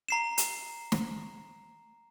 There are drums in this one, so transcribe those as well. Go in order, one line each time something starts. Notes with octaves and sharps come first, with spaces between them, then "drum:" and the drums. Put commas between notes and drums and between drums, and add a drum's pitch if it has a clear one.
A#5 C7 E7
drum: hi-hat
drum: snare